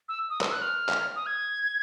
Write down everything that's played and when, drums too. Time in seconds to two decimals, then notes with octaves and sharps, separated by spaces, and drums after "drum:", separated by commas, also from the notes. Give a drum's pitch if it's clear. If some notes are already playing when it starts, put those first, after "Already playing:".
0.09 E6
0.30 D#6
0.41 E6, drum: clap
0.52 F#6
0.62 F6
0.89 drum: clap
1.16 D#6
1.26 G#6